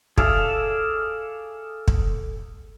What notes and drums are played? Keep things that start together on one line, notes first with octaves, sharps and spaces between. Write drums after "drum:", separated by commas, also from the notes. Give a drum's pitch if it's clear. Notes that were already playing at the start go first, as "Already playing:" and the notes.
G#4 A4 D5 E5 F5, drum: kick
drum: kick